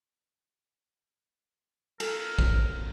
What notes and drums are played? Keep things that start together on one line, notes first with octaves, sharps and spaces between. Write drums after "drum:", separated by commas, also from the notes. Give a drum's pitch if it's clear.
A4 A#4, drum: cymbal
drum: kick A1